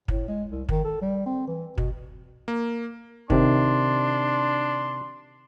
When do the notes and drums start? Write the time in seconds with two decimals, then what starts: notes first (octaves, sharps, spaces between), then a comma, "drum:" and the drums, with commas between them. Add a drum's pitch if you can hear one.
0.08 A2, drum: kick
0.28 G#3
0.51 C2
0.69 D#3, drum: kick
0.85 A4
1.02 G3
1.26 C4
1.47 E3
1.78 B2, drum: kick
2.48 A#3
3.30 C3 D#3 D4 C6, drum: kick